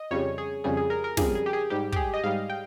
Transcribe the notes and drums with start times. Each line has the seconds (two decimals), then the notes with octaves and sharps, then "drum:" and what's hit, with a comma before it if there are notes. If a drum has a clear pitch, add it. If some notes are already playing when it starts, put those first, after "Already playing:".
Already playing: D#5
0.11 F2 C#3 G3 C#5
0.38 G#4
0.64 F2 C#3 G3 G#4
0.77 G#4
0.90 A#4
1.04 A#4
1.17 F2 C#3 G3 G#4, drum: snare
1.35 G#4
1.46 G4
1.53 G#4
1.70 G#2 G3 G4
1.92 G4, drum: kick
1.96 G#4
2.14 D#5
2.23 G#2 G3 F5
2.50 G5